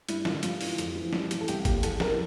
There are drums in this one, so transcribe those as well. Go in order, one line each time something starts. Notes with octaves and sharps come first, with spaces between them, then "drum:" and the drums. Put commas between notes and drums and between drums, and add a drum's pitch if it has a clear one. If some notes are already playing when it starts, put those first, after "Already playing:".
G2 E4, drum: hi-hat
D3 F4, drum: snare
G2 F4, drum: hi-hat
E3, drum: open hi-hat
F2, drum: hi-hat
E3
G2, drum: snare
E3, drum: hi-hat
A4
C2 G4, drum: hi-hat
A#2 G4, drum: kick G1, hi-hat
E2 A4, drum: hi-hat
E3 A#4, drum: snare